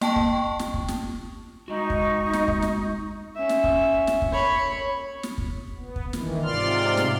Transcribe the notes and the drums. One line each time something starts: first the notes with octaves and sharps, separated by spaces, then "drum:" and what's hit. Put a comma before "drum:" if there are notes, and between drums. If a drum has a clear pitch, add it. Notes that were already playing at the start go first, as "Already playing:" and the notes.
A#3 G5 A5 C#6, drum: snare
drum: kick
drum: snare
drum: kick
drum: snare
G#3 D#4 F#4 C#6
drum: kick
drum: snare
drum: kick
drum: snare
C#4 E5
drum: snare
drum: kick
drum: snare
drum: kick
C#5 B5
drum: snare
drum: kick
B3
drum: kick
D#3 E3, drum: snare
G#2 C3 F4 D5 C6 F6
drum: snare